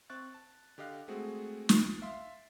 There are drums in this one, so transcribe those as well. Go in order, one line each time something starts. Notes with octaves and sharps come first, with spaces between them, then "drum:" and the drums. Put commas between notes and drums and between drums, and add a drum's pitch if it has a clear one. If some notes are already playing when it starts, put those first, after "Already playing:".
C4 C#6 F#6 A6
A5
D3 G4 D#5 F5 F#6
G#3 A3 C4 F#4 G#4
D#6 A6 C7 D7, drum: snare
E5 F5 C6